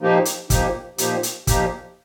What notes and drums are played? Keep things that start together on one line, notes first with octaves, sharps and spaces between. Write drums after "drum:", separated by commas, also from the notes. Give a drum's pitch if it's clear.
A#2 F3 A#3 D#4 G4
drum: hi-hat
A#2 F3 A#3 D#4 G4, drum: kick, hi-hat
A#2 F3 A#3 D#4 G4, drum: hi-hat
drum: hi-hat
A#2 F3 A#3 D#4 G4, drum: kick, hi-hat